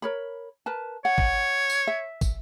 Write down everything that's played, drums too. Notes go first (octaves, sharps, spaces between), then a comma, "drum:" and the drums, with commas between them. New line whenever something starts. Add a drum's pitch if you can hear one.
A#4 C#5 B5
A#4 B4 A5
C#5 F#5
drum: kick
drum: tambourine
E5
drum: kick, tambourine